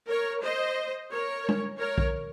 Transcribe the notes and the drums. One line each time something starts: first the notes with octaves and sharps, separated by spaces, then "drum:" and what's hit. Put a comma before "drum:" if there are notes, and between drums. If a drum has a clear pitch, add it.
A#4 C#5
C5 D#5
A#4 C#5
drum: tom G#3
A#4 C#5
drum: kick